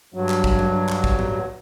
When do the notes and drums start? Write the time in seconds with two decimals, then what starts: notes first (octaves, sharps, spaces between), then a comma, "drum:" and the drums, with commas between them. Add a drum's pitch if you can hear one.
0.14 G2 F#3
0.29 drum: clap
0.44 drum: kick
0.59 drum: tom F#3
0.89 drum: clap
1.04 drum: kick
1.19 drum: tom A2